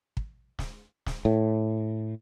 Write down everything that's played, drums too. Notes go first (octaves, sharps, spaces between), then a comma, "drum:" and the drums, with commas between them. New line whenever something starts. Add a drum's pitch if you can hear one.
drum: kick
drum: snare
drum: snare
A2